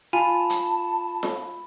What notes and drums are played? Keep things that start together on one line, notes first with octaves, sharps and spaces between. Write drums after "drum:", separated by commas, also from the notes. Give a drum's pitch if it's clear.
F4 G#5 A5 B5
drum: hi-hat
drum: snare F4